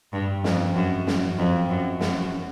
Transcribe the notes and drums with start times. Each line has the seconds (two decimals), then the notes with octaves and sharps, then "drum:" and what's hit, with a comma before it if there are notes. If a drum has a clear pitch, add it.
0.13 G2
0.44 F2, drum: snare
0.76 F#2
1.07 F#2, drum: snare
1.38 F2
1.69 F#2
2.01 F#2, drum: snare